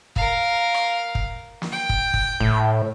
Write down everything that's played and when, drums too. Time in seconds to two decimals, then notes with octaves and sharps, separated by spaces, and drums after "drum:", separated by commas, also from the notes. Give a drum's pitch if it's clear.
0.16 A#4 F5, drum: kick
0.74 drum: rim click
1.15 drum: kick
1.62 drum: snare
1.72 G5
1.89 drum: kick
2.14 drum: kick
2.40 A2, drum: kick